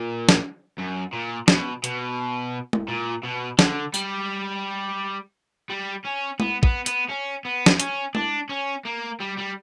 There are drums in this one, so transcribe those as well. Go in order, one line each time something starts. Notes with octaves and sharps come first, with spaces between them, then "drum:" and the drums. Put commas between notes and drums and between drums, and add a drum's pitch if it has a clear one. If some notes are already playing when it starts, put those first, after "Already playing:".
Already playing: A#2
drum: snare
F#2
A#2
B2, drum: snare
B2, drum: hi-hat
drum: tom G#3
A#2
B2
D3, drum: snare
G3, drum: tambourine
G3
C#4
B3, drum: tom G#3
B3, drum: kick
B3, drum: hi-hat
C#4
B3
drum: snare
C#4, drum: hi-hat
D4, drum: tom G#3
C#4
A#3
G3
G3